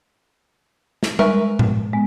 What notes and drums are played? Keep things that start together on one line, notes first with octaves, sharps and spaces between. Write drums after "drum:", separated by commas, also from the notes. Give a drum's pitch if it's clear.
drum: snare
G#3 A#4 B4 E5 C#6, drum: tom G3
drum: tom A2
G#3 B3